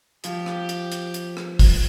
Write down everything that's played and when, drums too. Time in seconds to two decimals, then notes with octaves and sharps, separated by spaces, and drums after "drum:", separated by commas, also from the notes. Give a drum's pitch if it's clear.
0.24 F3 G4, drum: hi-hat
0.46 drum: rim click
0.69 drum: hi-hat
0.92 drum: hi-hat
1.14 drum: hi-hat
1.37 drum: rim click
1.59 drum: kick, open hi-hat